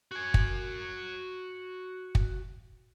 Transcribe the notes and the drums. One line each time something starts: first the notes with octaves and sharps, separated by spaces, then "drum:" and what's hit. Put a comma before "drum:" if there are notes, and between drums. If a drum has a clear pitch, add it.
F#4 G#5
drum: kick
drum: kick